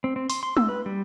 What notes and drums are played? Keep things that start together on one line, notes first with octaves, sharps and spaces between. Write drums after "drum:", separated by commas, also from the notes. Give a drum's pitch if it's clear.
C4
C4
C6, drum: open hi-hat
C6
E6, drum: tom
B4
G3